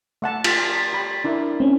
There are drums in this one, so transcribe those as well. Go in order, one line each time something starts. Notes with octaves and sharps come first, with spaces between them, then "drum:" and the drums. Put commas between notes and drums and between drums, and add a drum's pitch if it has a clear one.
A3 F#5 A5
F4 A6 B6, drum: cymbal
G4 B5
D4 E4 A#4
C4 C#4